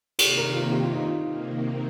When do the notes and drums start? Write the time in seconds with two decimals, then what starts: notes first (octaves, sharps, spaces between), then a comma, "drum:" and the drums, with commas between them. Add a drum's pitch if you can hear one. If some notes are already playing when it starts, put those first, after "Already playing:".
0.19 C3 D#3 A#3 G4, drum: cymbal
0.37 A#4
0.54 F4
0.72 G4
0.83 F4
0.94 D#4
1.04 F4
1.24 C3 D#3 A#3